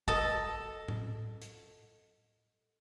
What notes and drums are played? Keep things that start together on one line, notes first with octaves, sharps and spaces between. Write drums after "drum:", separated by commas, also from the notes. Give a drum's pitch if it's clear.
A4 D#5 A5, drum: kick
drum: tom A2
drum: hi-hat